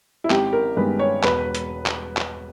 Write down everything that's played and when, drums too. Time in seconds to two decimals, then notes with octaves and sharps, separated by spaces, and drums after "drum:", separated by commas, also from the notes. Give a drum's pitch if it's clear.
0.24 E4
0.30 G#1 G4, drum: clap
0.53 A#4
0.77 G2 D#3 G#3 B3 B4
0.99 C#5
1.23 E1 B4, drum: clap
1.55 drum: hi-hat
1.86 drum: clap
2.17 drum: clap